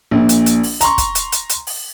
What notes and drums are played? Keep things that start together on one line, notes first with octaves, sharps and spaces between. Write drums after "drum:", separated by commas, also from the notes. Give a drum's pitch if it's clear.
A#1 A#2
drum: hi-hat
drum: hi-hat
drum: open hi-hat
A#5 C6 C#6, drum: hi-hat
drum: kick, hi-hat
drum: hi-hat
drum: hi-hat
drum: hi-hat
drum: open hi-hat